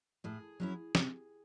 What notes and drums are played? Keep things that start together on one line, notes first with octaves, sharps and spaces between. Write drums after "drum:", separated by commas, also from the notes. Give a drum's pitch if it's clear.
A2 G#4
F#3 C#4 E4
C3, drum: snare